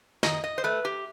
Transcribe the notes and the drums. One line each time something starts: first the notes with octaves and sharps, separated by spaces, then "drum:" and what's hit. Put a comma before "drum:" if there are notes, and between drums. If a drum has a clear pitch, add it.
D#3 D#5, drum: snare
D#5
C5
A3 B4
G4